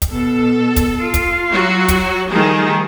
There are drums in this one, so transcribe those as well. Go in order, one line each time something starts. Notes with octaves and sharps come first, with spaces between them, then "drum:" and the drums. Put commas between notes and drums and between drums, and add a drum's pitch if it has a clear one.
drum: kick, hi-hat
B2 A4
drum: kick, hi-hat
F4
drum: kick, hi-hat
F#3 F#4
drum: kick, hi-hat
D#3 F3 G3 A3 G#4